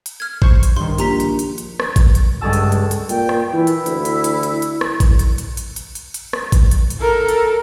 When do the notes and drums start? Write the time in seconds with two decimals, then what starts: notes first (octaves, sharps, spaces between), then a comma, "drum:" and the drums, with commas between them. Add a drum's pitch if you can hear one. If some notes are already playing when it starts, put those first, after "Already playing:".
0.06 drum: hi-hat
0.20 F6 G#6
0.42 C5 C#6, drum: kick A1
0.63 drum: hi-hat
0.77 G2 D#3 C6
0.98 A#1 G4 A#5 B6, drum: hi-hat
1.20 drum: hi-hat
1.39 drum: hi-hat
1.58 drum: hi-hat
1.80 G#6, drum: rim click
1.96 drum: kick A1, hi-hat
2.15 drum: hi-hat
2.41 C#2 G2 G#4 A4 A5 E6
2.53 drum: hi-hat
2.72 drum: hi-hat
2.91 drum: hi-hat
3.09 A#2 G5, drum: hi-hat
3.29 drum: rim click
3.53 E3 E4
3.67 drum: hi-hat
3.86 D2, drum: hi-hat
4.05 drum: hi-hat
4.24 drum: hi-hat
4.43 drum: hi-hat
4.62 drum: hi-hat
4.81 drum: rim click
5.00 drum: kick A1, hi-hat
5.19 drum: hi-hat
5.38 drum: hi-hat
5.57 drum: hi-hat
5.76 drum: hi-hat
5.95 drum: hi-hat
6.14 drum: hi-hat
6.33 drum: rim click
6.52 drum: kick A1, hi-hat
6.71 drum: hi-hat
6.90 drum: hi-hat
7.00 A4 A#4
7.28 drum: hi-hat